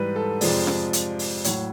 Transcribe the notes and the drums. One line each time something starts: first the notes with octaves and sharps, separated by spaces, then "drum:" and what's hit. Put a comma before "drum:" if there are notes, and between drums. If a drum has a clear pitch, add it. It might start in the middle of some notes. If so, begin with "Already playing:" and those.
Already playing: G#2 E3 G3 B4
A4
F2 C3 F3 G#3 D5, drum: open hi-hat
drum: snare
drum: hi-hat
drum: open hi-hat
A2 F#3 C#5, drum: hi-hat